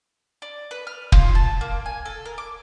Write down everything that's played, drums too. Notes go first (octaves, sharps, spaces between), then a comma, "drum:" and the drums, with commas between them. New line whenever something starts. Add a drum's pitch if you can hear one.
D5
B4
F6
F4, drum: kick
A5
A#3
G#5
A4
A#4
D6